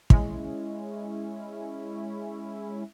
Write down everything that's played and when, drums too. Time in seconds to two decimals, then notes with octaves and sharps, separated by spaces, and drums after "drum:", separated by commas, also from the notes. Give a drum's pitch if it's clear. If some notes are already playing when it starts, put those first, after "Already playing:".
0.10 G#3 C#4 E4, drum: kick